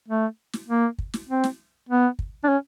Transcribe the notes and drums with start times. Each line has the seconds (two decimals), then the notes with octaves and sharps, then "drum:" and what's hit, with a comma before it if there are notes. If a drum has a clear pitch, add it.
0.08 A3
0.53 drum: snare
0.68 A#3
0.99 drum: kick
1.14 drum: snare
1.29 C4
1.44 drum: snare
1.89 B3
2.19 drum: kick
2.44 D4
2.49 C#4